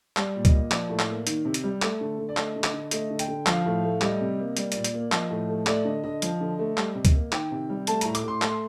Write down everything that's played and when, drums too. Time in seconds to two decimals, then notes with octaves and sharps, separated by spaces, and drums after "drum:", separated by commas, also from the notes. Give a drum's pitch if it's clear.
0.17 G3 D5, drum: clap
0.36 A#2
0.45 D#5, drum: kick, hi-hat
0.54 A#3
0.71 F3 D5, drum: clap
0.90 A2
0.99 drum: clap
1.09 A#3
1.27 D#3, drum: hi-hat
1.45 C3
1.54 drum: hi-hat
1.64 G3
1.82 A3, drum: clap
2.01 D3
2.18 D3
2.29 D5
2.37 A3 D#5, drum: clap
2.56 D3
2.64 D#5, drum: clap
2.74 D3
2.91 A3 D#5, drum: hi-hat
3.10 D3
3.19 G5, drum: hi-hat
3.28 D3
3.46 F3 F5, drum: clap
3.66 A2
3.83 A3
4.01 G3 D#5, drum: clap
4.21 C3
4.39 A#3
4.57 G3 D5, drum: hi-hat
4.72 A#2 D5, drum: hi-hat
4.84 drum: hi-hat
4.94 A#3
5.12 F3 D#5, drum: clap
5.31 A2
5.49 A3
5.67 A3 D5, drum: clap
5.85 D3 D#5
6.04 D3 D#5
6.22 F3, drum: hi-hat
6.41 D3
6.59 A3
6.77 G3, drum: clap
6.95 C3
7.05 drum: kick, hi-hat
7.14 A#3
7.32 D#3 G5, drum: clap
7.51 C3
7.69 G3
7.87 A3 A5, drum: hi-hat
8.01 A2 A#5, drum: hi-hat
8.15 D6, drum: hi-hat
8.24 A2 C6
8.42 A3 C6, drum: clap